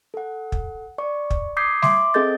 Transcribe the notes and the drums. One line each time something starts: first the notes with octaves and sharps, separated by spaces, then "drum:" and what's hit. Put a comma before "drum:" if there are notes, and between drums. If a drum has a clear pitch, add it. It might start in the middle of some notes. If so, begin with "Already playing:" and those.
A4 F#5
drum: kick
D5 C#6
drum: kick
D6 D#6 G6 G#6 B6 C7
E5 C6 D6, drum: snare G3
C4 G#4 A4 D#5 G6 A6